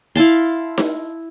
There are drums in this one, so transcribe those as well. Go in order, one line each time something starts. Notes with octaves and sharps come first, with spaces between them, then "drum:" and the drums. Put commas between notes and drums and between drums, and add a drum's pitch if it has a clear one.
E4 F5 A5 C6
drum: snare D#4